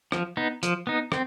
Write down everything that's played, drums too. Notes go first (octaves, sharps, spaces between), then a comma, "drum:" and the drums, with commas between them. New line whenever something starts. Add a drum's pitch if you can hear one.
F3, drum: rim click
B3 D#4
F3, drum: hi-hat
B3 D#4
C4, drum: rim click